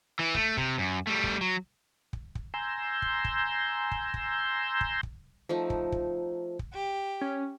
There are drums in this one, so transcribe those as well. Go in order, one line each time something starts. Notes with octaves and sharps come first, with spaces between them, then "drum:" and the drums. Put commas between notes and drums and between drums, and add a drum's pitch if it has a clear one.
E3 E4
A3, drum: kick
C3, drum: kick
F#2
G3 A3
drum: kick
F#3
drum: kick
drum: kick
G#5 A#5 C6 E6 G6
drum: kick
drum: kick
drum: kick
drum: kick
drum: kick
drum: kick
F3 A3 D#4
drum: kick
drum: kick
drum: kick
G4
C#4